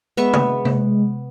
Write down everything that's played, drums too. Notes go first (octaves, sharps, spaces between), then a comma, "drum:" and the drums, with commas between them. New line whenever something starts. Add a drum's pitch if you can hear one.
G#3 B3 E5 C#6
drum: tom
drum: tom C3